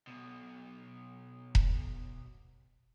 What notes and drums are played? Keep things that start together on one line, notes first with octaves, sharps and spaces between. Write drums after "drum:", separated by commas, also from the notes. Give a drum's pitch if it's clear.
B1 B2
drum: kick E1